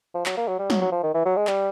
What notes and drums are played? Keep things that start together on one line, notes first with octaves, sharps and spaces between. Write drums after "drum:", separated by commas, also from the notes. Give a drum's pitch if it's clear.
F3
F#3, drum: clap
A#3
F#3
G3
F#3, drum: snare
F#3
F3
D#3
E3
F#3
G#3
G3, drum: clap